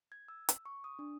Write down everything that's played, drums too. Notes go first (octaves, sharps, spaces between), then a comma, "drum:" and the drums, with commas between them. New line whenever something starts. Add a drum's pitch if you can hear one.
G#6
E6
drum: hi-hat
C#6
D#6
D4